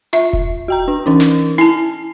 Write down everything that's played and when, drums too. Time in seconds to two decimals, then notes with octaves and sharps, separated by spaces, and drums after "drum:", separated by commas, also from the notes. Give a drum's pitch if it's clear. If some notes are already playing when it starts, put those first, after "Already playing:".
0.13 F4 E5
0.33 drum: kick E1
0.68 F#4 G5 A#5
0.88 D4
1.06 E3 C#4 D#4
1.20 drum: snare
1.58 E4 G#5 A5